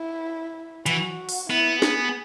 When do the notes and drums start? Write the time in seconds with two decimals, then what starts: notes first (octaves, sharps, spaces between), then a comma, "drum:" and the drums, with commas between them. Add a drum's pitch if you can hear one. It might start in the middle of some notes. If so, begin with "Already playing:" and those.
Already playing: E4
0.86 E3 F#4, drum: hi-hat
1.29 drum: open hi-hat
1.49 B3 E4
1.82 G#4, drum: snare